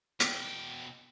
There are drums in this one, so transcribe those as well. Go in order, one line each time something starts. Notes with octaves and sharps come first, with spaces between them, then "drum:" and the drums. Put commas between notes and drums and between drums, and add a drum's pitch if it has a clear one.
B2 G5, drum: hi-hat